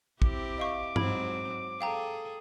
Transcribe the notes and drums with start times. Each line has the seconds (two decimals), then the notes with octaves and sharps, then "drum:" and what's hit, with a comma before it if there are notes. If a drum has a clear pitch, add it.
0.22 C4 E4 G4 D6, drum: kick
0.58 D#5 F5 C#6
0.96 G#2 F#3 C4 B5 G#6, drum: tom G2
1.81 G#4 A4 F5 G5 A#5